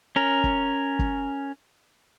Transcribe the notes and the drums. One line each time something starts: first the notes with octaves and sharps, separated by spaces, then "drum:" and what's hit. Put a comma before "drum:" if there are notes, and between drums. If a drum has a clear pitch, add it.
C#4 A#4
drum: kick
drum: kick